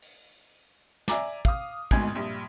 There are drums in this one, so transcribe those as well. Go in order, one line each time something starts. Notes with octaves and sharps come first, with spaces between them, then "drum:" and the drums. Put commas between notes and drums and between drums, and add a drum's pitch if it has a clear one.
drum: open hi-hat
D5 E5 G#5 A#5 D6, drum: snare
F5 D#6, drum: kick
G#1 D2 G#2 B2 G#5 G#6, drum: kick
A#1 G2